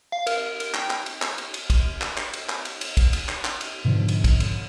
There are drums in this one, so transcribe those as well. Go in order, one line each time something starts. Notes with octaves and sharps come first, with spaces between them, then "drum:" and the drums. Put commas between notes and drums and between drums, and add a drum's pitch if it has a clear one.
F5
A#4, drum: cymbal
A#4
A#4, drum: cymbal
G5, drum: clap
drum: clap
drum: cymbal
drum: clap
drum: cymbal
drum: cymbal
drum: kick, cymbal
drum: clap
drum: clap
drum: cymbal
drum: clap
drum: cymbal
drum: cymbal
drum: kick, cymbal
drum: cymbal
drum: clap
drum: clap
drum: cymbal
G#2 B2 D3 F3
drum: cymbal
drum: kick, cymbal
drum: cymbal